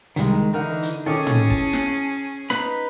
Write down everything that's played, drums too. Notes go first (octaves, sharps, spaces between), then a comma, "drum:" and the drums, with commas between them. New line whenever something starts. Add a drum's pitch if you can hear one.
C2 D#3 G3 G#3, drum: hi-hat
D3 E3 D#4 A#4 F#5
drum: hi-hat
D#3 C#4 G#4 A4 C#5 D6
drum: tom
E3 A5, drum: kick
drum: snare
D#4 B4 B5, drum: snare